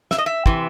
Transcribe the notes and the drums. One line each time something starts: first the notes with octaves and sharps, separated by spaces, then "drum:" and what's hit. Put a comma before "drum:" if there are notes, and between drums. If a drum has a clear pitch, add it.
E5, drum: snare
D#5
E5
C3 E3, drum: kick